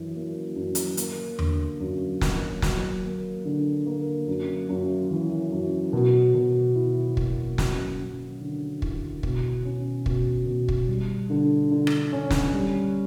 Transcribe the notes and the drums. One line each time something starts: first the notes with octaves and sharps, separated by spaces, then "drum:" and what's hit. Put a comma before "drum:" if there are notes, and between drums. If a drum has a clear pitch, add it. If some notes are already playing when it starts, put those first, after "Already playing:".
Already playing: F#2 E3
A#3
F#2
drum: hi-hat
A#3, drum: hi-hat
D3, drum: tom E2
F#2
A#3, drum: snare
F#3, drum: snare
A#3
D3
A#3
F#2
F#2
E3
F#2
B2
B2
E4
A#3, drum: kick
F#2, drum: snare
F#2
D3
E4, drum: kick
B2, drum: kick
C#4
B2, drum: kick
B2
drum: kick
G3
D3
D3
drum: rim click
C#4
drum: snare
G3